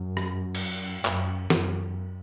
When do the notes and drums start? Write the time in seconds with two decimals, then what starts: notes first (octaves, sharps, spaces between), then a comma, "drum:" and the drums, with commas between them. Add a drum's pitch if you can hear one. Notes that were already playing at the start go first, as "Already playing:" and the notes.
Already playing: F#2
0.17 drum: rim click
0.55 drum: cymbal
1.05 F#2, drum: clap
1.50 F#2, drum: snare